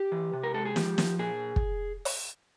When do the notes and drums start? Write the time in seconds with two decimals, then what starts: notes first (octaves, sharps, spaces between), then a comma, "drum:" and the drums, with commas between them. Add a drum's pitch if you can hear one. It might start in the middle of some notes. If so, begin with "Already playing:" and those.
Already playing: G4
0.12 E3
0.33 C3
0.44 A#4
0.54 G#3 A4
0.65 G#4
0.76 F3 G4, drum: snare
0.98 F3, drum: snare
1.19 A#2 G#4
1.56 drum: kick
2.05 drum: open hi-hat